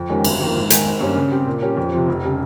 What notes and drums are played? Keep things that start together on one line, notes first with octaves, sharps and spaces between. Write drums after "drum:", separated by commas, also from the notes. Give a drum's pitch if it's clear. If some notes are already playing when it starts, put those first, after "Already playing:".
Already playing: F2
D#3 G#3 C#4 G4
G1, drum: cymbal
F2 D#3 A#3
G#2
D#3 G#3, drum: hi-hat
G#1
G2 G3 A#3 C#4
C#3
G3 C4 G4
A#2
G3 C#4 G4 A#4
F2
C3 F3 C4
F1
C#3 G3